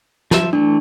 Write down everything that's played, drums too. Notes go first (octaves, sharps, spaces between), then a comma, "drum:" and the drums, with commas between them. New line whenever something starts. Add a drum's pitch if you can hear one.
F3 E5, drum: snare
E3 A3 D4